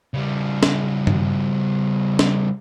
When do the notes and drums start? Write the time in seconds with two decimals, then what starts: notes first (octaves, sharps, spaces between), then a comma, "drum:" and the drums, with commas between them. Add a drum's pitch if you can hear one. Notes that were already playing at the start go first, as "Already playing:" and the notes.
0.14 C#3 G3
0.63 drum: snare
1.07 drum: tom G2
2.19 drum: snare